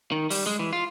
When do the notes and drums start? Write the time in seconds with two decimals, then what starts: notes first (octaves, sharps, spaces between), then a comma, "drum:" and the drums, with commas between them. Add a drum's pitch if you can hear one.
0.12 D#3
0.30 G3, drum: open hi-hat
0.47 G#3
0.59 E3
0.73 F4